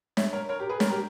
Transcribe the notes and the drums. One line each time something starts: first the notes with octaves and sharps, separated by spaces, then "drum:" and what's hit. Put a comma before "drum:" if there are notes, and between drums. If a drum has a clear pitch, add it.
C#5 E5, drum: snare
A#4 C#5
A#4 C#5
G4 A#4
G#4 B4
A#4 C#5, drum: snare
G4 A#4